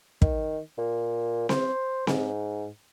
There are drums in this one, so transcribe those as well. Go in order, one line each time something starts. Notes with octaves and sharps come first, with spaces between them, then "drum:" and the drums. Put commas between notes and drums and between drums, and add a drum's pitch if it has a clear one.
D#3, drum: kick
A#2
C5, drum: snare C4
G#2, drum: snare C4